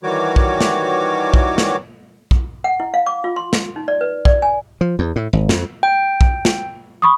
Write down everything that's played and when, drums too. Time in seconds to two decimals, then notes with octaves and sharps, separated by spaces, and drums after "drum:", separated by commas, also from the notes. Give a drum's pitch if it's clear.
0.03 D#3 E3 G3 F#4 C#5 D6
0.36 drum: kick
0.61 drum: snare
1.34 drum: kick
1.58 drum: snare
2.31 drum: kick
2.64 F#5
2.80 E4
2.94 F5
3.06 D6
3.24 F4
3.36 C6
3.53 drum: snare
3.76 D#4
3.88 D5
4.01 B4
4.25 D5, drum: kick
4.42 G#5
4.81 F3
4.99 E2
5.16 A2
5.33 G#1
5.49 F2, drum: snare
5.83 G5
6.21 drum: kick
6.45 drum: snare
7.02 B5 C#6 D#6